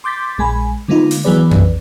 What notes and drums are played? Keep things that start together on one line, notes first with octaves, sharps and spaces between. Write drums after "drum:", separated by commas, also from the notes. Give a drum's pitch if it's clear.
C6 D6 G6 A6 B6
A#1 G#3 G#5 B5
D3 G#3 A#3 B3 D#4 F4
drum: open hi-hat
E3 F#3 B3 G#4 B4 D5
drum: tom F2